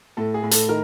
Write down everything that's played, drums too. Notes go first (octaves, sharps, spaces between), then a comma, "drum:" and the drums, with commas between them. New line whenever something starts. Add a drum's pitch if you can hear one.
A2 A4
G#4
A2
A4, drum: hi-hat
D#3 A#4